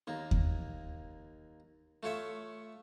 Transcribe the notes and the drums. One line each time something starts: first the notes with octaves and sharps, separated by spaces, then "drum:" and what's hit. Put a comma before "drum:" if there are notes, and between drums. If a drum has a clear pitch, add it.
D#2 A#3
drum: kick D#2
A3 F4 C#5 E5